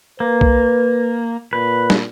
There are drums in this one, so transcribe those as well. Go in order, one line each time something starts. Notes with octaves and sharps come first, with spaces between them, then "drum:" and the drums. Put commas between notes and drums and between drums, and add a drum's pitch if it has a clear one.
A#3 B4
drum: kick
A#2 B4
drum: snare